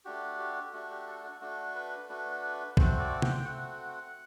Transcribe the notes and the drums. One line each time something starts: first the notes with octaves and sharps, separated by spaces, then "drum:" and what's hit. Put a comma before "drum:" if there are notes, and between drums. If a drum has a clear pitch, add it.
A3 D4 F#4 G4
G4
A3 D4 F#4
G4
A4
F#4
A3 D4 F#4
B4
A3 D4 F#4 B4
A3 C4 F#4 C5, drum: kick
D5
G5, drum: tom
G5
A3 C4 F#4 F#5